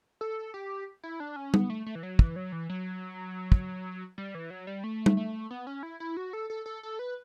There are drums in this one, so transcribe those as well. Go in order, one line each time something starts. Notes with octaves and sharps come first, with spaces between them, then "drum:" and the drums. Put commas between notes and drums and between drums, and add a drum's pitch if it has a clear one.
A4
G4
E4
D4
C#4
B3, drum: tom G3
A3
A3
E3
F#3
E3, drum: kick
F#3
E3
F#3
drum: kick
G3
E3
F#3
G3
A3
drum: tom G3
A3
B3
C#4
E4
E4
F#4
A4
A4
A4
A4
B4